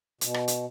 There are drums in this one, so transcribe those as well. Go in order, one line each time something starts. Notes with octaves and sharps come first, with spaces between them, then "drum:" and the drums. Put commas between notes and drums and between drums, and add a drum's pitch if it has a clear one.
B2, drum: hi-hat
drum: rim click
drum: hi-hat